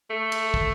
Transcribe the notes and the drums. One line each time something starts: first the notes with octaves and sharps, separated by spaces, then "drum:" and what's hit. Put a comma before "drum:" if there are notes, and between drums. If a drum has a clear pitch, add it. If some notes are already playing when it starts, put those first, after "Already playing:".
A3
drum: cymbal
drum: kick